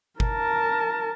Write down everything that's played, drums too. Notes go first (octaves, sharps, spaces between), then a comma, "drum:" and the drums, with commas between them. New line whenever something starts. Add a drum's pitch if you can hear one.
A#4 A5, drum: kick G1